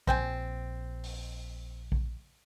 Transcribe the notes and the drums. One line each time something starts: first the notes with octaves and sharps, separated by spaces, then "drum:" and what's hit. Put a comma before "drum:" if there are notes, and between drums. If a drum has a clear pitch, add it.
A#1 C4 G5 G#5, drum: kick A#1
drum: open hi-hat
drum: kick A#1